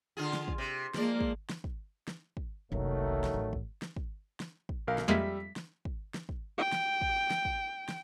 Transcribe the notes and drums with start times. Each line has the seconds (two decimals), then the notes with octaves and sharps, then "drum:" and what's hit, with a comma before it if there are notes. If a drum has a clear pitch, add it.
0.17 D3 F4 G#4
0.33 drum: snare
0.48 drum: kick
0.58 C3
0.94 F3 G#3 A#3 D5, drum: snare
1.20 drum: kick
1.50 drum: snare
1.64 drum: kick
2.08 drum: snare
2.37 drum: kick
2.72 F#1 C2 D#3 F#3 A3
3.24 drum: snare
3.34 A1
3.53 drum: kick
3.82 drum: snare
3.96 drum: kick
4.40 drum: snare
4.69 drum: kick
4.87 B1 A#4 F5
4.98 drum: snare
5.08 F2 G3 G#3 A#3 E5 B6
5.56 drum: snare
5.85 drum: kick
6.14 drum: snare
6.29 drum: kick
6.58 G5
6.72 drum: snare
7.01 drum: kick
7.31 drum: snare
7.45 drum: kick
7.89 drum: snare